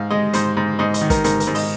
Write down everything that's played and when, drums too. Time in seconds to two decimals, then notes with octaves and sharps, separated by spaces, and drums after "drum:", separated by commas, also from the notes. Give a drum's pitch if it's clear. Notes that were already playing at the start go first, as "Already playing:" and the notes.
Already playing: G#2 F5
0.11 G#3 D#5
0.33 G#2 C5, drum: hi-hat
0.57 G#2
0.79 G#2 D#5
0.94 D#5, drum: hi-hat
1.01 D#3
1.10 A#4, drum: kick, hi-hat
1.24 G#2 A#4, drum: hi-hat
1.40 A#4, drum: hi-hat
1.47 G#2
1.55 D#5, drum: open hi-hat